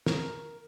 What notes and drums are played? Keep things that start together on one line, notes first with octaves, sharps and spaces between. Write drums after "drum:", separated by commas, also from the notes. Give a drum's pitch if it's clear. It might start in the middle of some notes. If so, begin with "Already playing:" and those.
A#4, drum: snare